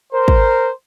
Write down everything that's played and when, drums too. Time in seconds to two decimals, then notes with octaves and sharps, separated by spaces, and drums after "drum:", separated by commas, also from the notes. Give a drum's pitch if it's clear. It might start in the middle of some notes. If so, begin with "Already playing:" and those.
0.13 A#4 C5
0.28 drum: kick